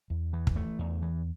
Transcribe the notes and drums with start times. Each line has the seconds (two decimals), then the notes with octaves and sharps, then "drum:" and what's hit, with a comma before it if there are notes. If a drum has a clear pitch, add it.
0.10 E2
0.33 E3
0.47 drum: kick
0.56 A3
0.79 E2
1.02 E3